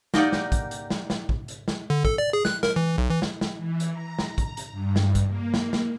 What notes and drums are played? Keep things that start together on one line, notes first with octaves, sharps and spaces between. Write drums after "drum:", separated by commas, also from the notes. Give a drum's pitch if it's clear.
A#3 D#4 G4 D5 F#5, drum: snare
drum: snare
drum: kick, hi-hat
drum: hi-hat
drum: snare
drum: snare
drum: kick
drum: hi-hat
drum: snare
D3
A4, drum: kick
D5
G#4
F#6, drum: snare
A#4, drum: snare
E3
B1
E3
drum: snare
drum: snare
E3
drum: hi-hat
A#5
drum: snare
drum: kick, hi-hat
drum: hi-hat
G2
drum: snare
drum: kick, hi-hat
A#3
drum: snare
drum: snare